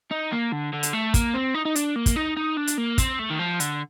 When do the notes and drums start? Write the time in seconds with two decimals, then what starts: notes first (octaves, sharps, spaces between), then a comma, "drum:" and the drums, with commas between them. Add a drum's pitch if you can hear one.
0.11 D#4
0.32 A#3
0.52 D3
0.73 D3
0.83 drum: hi-hat
0.93 A3
1.14 A#3, drum: kick, hi-hat
1.34 C4
1.55 D#4
1.65 D#4
1.76 D4, drum: hi-hat
1.96 A#3
2.06 drum: kick, hi-hat
2.16 D#4
2.37 D#4
2.57 D4
2.67 drum: hi-hat
2.77 A#3
2.98 C4, drum: kick, hi-hat
3.19 A3
3.30 D#3
3.39 F3
3.60 D3, drum: hi-hat